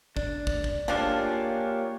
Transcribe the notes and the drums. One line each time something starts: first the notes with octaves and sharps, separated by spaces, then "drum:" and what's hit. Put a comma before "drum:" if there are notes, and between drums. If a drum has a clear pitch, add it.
D4, drum: kick
drum: kick
drum: kick
F3 A#3 D4 F4 G4 G#4 C#5 F5, drum: snare